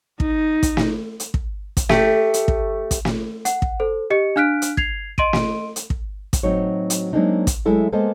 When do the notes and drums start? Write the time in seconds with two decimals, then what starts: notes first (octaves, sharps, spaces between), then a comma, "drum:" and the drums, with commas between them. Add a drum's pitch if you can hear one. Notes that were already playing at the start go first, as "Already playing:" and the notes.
0.20 D#4, drum: kick
0.63 drum: kick, hi-hat
0.77 drum: snare
1.20 drum: hi-hat
1.34 drum: kick
1.77 drum: kick, hi-hat
1.89 A3 G4, drum: snare
2.34 drum: hi-hat
2.48 drum: kick
2.91 drum: kick, hi-hat
3.05 drum: snare
3.45 F#5, drum: hi-hat
3.62 drum: kick
3.80 A4 C5
4.10 G4 D#5 C#7
4.36 D4 F5 F6 F#6 B6 D7
4.62 drum: hi-hat
4.77 G#6 C7 F7, drum: kick
5.18 D#5 C6 D7 D#7, drum: kick
5.33 drum: snare
5.76 drum: hi-hat
5.90 drum: kick
6.33 drum: kick, hi-hat
6.43 A2 F#3 C4 D#4 F#4 C#5
6.90 drum: hi-hat
7.13 F#3 G#3 A#3 C4 D4 D#4
7.47 drum: kick, hi-hat
7.66 F#3 G#3 A3 E4 A4 E5
7.92 G#3 A#3 B3 A4 C5 D#5